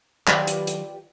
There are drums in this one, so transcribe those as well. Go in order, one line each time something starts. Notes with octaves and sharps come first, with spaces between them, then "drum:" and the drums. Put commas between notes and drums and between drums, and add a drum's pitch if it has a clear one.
D#3 F#3 F4 G4 B4 D5, drum: clap
drum: hi-hat
drum: hi-hat